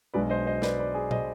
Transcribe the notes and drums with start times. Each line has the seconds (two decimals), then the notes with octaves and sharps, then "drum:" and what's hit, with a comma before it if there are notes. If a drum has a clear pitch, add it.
0.14 B1 B2 G#3 D4 B4 D5
0.30 C5 D#5
0.47 C5 D#5
0.62 B4 D5, drum: snare
0.79 B4 D5
0.94 G#4
1.11 C5 D#5, drum: tom A#2